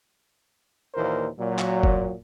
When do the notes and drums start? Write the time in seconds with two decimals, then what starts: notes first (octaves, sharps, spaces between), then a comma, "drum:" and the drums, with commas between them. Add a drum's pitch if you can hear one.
0.95 D#2 A#2 E3 A#4 C5
1.39 A#2 F#3
1.58 drum: clap
1.83 drum: kick